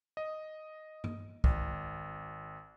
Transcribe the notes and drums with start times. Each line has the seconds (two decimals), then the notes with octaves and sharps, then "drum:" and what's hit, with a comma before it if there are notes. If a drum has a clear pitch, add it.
0.17 D#5
1.04 drum: tom G2
1.44 G#1, drum: kick